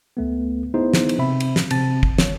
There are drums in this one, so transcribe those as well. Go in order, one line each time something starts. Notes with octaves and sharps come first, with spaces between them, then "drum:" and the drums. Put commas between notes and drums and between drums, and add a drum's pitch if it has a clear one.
C#2 A3 B3
B3 D#4 E4 G#4 C5
drum: snare
drum: cymbal
C3 C4 E5 B5
drum: cymbal
drum: snare
C3 C4 A5 A6, drum: cymbal
drum: kick
C#5, drum: snare